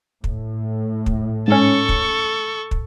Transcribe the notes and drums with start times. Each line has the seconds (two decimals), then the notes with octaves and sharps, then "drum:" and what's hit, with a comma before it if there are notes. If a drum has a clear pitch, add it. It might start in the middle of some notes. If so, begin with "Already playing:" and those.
0.24 A2, drum: kick
1.06 drum: kick
1.48 G#2 C#4 A4 C#6
1.89 drum: kick
2.71 drum: kick